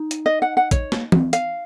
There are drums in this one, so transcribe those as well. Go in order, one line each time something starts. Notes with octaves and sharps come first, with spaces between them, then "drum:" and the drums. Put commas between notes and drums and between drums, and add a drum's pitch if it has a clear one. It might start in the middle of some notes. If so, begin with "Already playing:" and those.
Already playing: D#4
drum: hi-hat
D#5
F#5
F#5
C#5, drum: kick, hi-hat
drum: snare
drum: tom E3
F5, drum: hi-hat